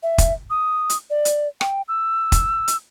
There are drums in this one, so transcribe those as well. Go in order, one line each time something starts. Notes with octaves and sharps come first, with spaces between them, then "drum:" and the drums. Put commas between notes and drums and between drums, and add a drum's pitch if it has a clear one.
E5
drum: kick, hi-hat
D#6
drum: hi-hat
D5
drum: hi-hat
G5, drum: rim click
E6
drum: kick, hi-hat
drum: hi-hat